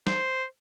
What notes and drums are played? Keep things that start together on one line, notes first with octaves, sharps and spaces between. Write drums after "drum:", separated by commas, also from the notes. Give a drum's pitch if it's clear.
C5, drum: snare